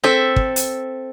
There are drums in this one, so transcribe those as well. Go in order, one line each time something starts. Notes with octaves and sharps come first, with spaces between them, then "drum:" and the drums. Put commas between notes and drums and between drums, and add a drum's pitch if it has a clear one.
C4 A4 E5
drum: kick
drum: hi-hat